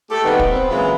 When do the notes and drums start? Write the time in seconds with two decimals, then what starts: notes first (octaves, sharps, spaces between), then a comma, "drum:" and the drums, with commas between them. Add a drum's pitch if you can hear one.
0.10 A3 G4 A4
0.24 C3 D#3 G3 A#3 B3
0.39 drum: kick
0.49 B3 C4
0.69 A#2 C#3 E3 F#3 G#3 B3